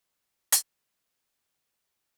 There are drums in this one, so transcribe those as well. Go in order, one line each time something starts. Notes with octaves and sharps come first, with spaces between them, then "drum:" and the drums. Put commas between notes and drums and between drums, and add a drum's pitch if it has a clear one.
E3 D#4
drum: hi-hat
E5